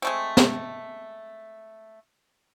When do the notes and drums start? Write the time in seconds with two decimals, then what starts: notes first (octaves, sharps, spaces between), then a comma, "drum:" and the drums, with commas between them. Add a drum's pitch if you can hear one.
0.02 G#3 A3 C4
0.37 drum: snare